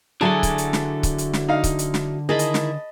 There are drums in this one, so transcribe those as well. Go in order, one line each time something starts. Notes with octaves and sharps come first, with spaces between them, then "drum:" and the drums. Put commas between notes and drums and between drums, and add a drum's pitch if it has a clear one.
D3 F#3 E4 F#4 G#4 A4 G#5 A5
drum: kick C#1, hi-hat
drum: hi-hat
drum: snare
drum: kick C#1, hi-hat
drum: hi-hat
drum: snare
D#4 F5
drum: kick C#1, hi-hat
drum: hi-hat
drum: snare
D#3 E4 G#4 D#5 A5 B5
drum: hi-hat
drum: snare